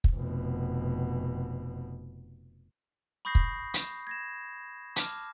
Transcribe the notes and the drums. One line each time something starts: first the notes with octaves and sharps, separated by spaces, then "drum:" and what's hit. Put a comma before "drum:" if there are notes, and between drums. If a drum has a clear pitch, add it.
drum: kick
F1 B2
B5 C#6 D#6 G6 A#6 C7
drum: kick
drum: hi-hat
G#6 A#6 E7
A5 D6 F6, drum: hi-hat